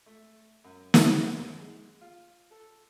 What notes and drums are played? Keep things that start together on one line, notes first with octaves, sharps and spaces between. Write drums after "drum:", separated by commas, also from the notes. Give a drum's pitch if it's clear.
A3
F#2
drum: snare
B5
F#2
G#3
F4
A4